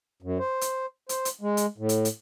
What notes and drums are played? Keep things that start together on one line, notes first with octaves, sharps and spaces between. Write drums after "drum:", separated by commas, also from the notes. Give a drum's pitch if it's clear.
F#2
C5
drum: hi-hat
C5, drum: hi-hat
drum: hi-hat
G#3
drum: hi-hat
A2
drum: hi-hat
drum: hi-hat